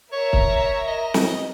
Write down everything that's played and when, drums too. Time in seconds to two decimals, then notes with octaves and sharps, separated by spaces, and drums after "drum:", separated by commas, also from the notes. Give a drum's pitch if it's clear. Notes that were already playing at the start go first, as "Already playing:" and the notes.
0.12 A#4 C#5 E5 A#5
0.33 drum: kick
0.87 D#5
1.14 drum: snare